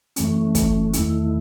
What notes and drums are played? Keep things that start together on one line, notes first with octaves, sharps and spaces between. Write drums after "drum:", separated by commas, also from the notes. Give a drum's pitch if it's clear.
F#2 E3 A3 C#4, drum: hi-hat
drum: kick, hi-hat
E2 D#3 A3 E4, drum: hi-hat